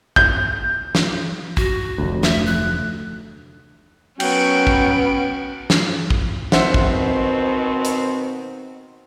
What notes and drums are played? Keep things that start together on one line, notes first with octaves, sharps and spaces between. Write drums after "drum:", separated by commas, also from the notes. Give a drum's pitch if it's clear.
G6, drum: kick
drum: snare
F#4, drum: kick
F1 D2
E5, drum: snare
F#6
F#3 B3 C#4 G5 D7, drum: cymbal
drum: kick
drum: snare
drum: kick
B2 D#3 C4 C5 E5 F#5, drum: snare
drum: kick
drum: hi-hat